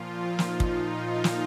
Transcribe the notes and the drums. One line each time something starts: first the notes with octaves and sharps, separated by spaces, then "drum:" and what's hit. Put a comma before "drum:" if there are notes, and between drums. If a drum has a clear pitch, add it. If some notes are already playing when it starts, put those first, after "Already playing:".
Already playing: A#2 F3 F4
D#4, drum: snare
drum: kick
F4
drum: snare